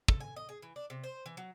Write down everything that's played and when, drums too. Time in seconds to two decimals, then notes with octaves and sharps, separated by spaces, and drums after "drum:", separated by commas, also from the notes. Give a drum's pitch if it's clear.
0.08 A4, drum: kick
0.20 G#5
0.36 D#5
0.49 G#4
0.62 E3
0.76 D4
0.90 C3
1.04 C5
1.26 E3
1.37 F#3